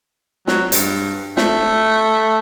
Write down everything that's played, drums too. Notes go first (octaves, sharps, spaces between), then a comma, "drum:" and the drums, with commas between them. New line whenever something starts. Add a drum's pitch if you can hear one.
F#3, drum: snare
G2, drum: hi-hat
A3, drum: snare